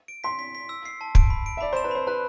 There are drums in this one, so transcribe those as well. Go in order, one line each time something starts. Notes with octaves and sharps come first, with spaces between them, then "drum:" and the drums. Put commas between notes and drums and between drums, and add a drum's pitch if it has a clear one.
D7
C6 B6
B6
B6
E6
C7
A5
D7, drum: kick
B5
D7
E5
D5 B5
C5 E7
B4
C5 B5
B4 F#6